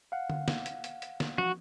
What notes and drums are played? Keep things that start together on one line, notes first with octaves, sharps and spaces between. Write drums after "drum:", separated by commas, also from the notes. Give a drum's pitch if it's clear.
F5 F#5
drum: tom D3
drum: snare
drum: hi-hat
drum: hi-hat
drum: hi-hat
drum: snare
F#4, drum: tom